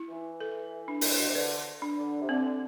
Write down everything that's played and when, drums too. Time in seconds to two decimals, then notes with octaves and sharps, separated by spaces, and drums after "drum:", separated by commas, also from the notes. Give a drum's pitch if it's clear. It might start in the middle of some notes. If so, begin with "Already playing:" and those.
Already playing: E4
0.09 E3
0.40 A4
0.88 D4
1.01 G2, drum: open hi-hat
1.10 A2
1.18 B2
1.27 C3
1.34 D3 B4
1.82 D4
1.97 D3
2.21 C3
2.29 D3 C4